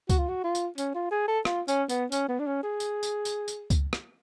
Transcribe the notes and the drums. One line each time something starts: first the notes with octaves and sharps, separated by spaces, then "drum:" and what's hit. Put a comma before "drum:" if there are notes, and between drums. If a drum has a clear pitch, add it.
F#4, drum: kick C#2, tambourine
F4
F#4
F4
drum: tambourine
C#4, drum: tambourine
F4
G#4
A4
F4, drum: rim click
C#4, drum: tambourine
B3, drum: tambourine
C#4, drum: tambourine
B3
D4
C#4
G#4
drum: tambourine
drum: tambourine
drum: tambourine
drum: tambourine
drum: kick C#2, tambourine
drum: rim click